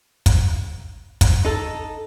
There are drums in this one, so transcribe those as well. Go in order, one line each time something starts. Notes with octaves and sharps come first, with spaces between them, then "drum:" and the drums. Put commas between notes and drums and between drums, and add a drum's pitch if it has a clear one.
drum: kick, hi-hat
drum: kick, hi-hat
D#4 A4